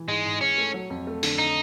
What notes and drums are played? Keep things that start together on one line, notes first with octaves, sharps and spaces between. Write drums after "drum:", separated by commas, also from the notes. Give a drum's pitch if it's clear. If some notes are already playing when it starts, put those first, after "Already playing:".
Already playing: E3
G#2 G#3
G#2
G#2 C#4
A3
F#3
F2
A3
D3, drum: open hi-hat
D#4